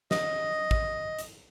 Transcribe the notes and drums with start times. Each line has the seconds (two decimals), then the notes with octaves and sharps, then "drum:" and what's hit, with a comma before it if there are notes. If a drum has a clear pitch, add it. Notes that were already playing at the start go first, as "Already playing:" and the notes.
0.11 D#5, drum: snare
0.71 drum: kick A1
1.19 drum: hi-hat